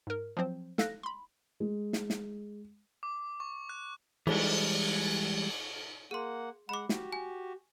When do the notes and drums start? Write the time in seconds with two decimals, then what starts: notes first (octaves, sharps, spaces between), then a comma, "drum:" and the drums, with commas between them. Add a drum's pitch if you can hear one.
0.07 G#2 A#4
0.37 F3 F#3 C4 C5
0.78 A4 F5 F#6 A#6, drum: snare
1.03 B5 C6
1.60 G#3
1.93 drum: snare
2.10 drum: snare
3.03 D6
3.40 C#6
3.69 F#6
4.27 E3 G3 G#3, drum: cymbal
6.11 A#3 G#4 F#5 C6
6.69 G#3 F#5 B5 D6
6.89 F#4 G4, drum: snare
7.13 G#5